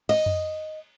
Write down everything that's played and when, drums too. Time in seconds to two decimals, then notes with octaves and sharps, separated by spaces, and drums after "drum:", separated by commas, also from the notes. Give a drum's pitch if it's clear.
0.09 D#5, drum: cymbal
0.26 drum: tom F2